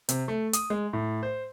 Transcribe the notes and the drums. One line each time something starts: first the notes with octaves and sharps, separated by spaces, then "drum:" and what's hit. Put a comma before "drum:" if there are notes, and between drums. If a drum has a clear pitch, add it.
C3, drum: hi-hat
A3
D#6, drum: hi-hat
G#3
A2
C5